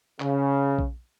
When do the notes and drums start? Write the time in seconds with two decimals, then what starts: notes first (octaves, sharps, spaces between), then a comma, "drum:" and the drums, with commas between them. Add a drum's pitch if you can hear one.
0.20 C#3, drum: clap
0.79 drum: kick A#1